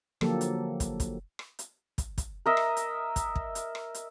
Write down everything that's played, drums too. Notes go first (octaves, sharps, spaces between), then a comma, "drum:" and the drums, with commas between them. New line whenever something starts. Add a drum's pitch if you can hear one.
D3 F3 F#3 A#3 G4 A4, drum: rim click
drum: hi-hat
drum: kick, hi-hat
drum: kick, hi-hat
drum: rim click
drum: hi-hat
drum: kick, hi-hat
drum: kick, hi-hat
A#4 D#5 E5
drum: rim click
drum: hi-hat
drum: kick, hi-hat
drum: kick
drum: hi-hat
drum: rim click
drum: hi-hat